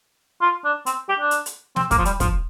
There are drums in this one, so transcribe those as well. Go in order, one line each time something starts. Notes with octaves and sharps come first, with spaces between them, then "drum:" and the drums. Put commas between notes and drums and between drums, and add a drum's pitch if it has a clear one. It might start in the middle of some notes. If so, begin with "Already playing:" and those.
F4
D4
C4, drum: hi-hat
G4
D4
drum: hi-hat
drum: hi-hat
C4, drum: snare
A#3, drum: kick, hi-hat
F3
G3, drum: hi-hat
F3, drum: kick, hi-hat